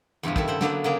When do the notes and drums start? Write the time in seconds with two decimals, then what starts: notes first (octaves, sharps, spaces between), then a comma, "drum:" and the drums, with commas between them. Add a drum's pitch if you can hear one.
0.23 E2 G2 C3 F3
0.36 D#3 E4 A4, drum: kick
0.48 C#3 C5 F#5
0.61 D3 F#3 A#3 B3, drum: snare
0.84 C#3 F#3 A#3 G#4